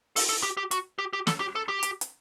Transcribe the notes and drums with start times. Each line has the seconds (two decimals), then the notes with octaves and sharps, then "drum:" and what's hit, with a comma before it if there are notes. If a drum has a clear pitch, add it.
0.16 A4, drum: open hi-hat
0.29 A4
0.43 G4
0.57 G4
0.71 F#4, drum: hi-hat
0.99 G4
1.13 G4
1.27 A4, drum: snare
1.40 G4
1.55 A4
1.69 G4
1.83 drum: hi-hat
2.01 drum: hi-hat